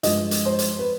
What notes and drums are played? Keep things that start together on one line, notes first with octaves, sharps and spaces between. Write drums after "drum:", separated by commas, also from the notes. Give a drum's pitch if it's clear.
G2 F3 G#3 D#5, drum: hi-hat
drum: hi-hat
C5
drum: hi-hat
B4